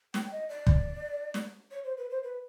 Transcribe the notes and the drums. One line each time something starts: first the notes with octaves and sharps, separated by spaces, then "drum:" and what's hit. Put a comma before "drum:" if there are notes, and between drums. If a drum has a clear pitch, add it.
G5, drum: snare
D#5
D5
drum: kick
drum: snare
C#5
C5
B4
C5
B4